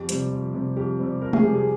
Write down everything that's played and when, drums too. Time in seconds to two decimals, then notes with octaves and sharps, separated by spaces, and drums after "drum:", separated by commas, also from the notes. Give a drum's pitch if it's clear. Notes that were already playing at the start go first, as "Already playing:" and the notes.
Already playing: F2 G4
0.09 C3 G3 C4, drum: hi-hat
0.31 F2
0.54 C3 G3 C4
0.77 F2 G4
0.99 C3 G3 C4
1.22 F2 A#4
1.33 G#4, drum: tom G#3
1.44 C3 G3 C4 G4
1.55 G#4